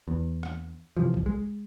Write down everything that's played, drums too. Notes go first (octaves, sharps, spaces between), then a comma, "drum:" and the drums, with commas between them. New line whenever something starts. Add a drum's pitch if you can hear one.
E2
drum: rim click
C3 E3 F3
drum: kick B1
G#3